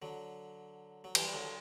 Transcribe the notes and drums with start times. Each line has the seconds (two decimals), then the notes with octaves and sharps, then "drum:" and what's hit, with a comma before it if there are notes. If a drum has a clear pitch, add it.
0.02 D3 F#3
1.04 F#3
1.15 E3 G3, drum: cymbal
1.28 G3
1.33 D3 F#3